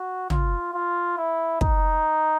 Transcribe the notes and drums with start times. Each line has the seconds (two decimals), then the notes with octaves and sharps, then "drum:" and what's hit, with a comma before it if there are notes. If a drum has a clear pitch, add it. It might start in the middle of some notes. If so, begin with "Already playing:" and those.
Already playing: F#4
0.30 F4, drum: tom
0.74 F4
1.17 E4
1.61 D#4, drum: kick